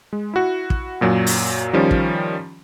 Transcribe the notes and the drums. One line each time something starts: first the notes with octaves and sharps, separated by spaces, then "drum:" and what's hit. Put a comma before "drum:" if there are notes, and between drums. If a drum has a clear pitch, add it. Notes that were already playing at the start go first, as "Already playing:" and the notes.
G#3
E4 F#4
drum: kick
F#2 A#2 F#3
drum: open hi-hat
D#3 F3 G3 C#4
drum: kick